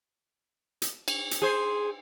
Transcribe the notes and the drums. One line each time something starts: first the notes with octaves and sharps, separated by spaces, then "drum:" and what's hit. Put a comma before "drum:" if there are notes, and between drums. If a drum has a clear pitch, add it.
drum: hi-hat
drum: cymbal
drum: hi-hat
G#4 C5